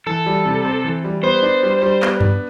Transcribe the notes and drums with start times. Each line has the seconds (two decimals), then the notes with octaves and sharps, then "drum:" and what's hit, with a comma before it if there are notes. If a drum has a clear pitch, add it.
0.06 E3 A4
0.26 G3
0.46 C3
0.65 C4
0.84 E3
1.04 G3
1.23 B3 C5
1.42 D4
1.63 G3
1.82 G3
2.02 B3, drum: clap
2.21 D4, drum: tom F#2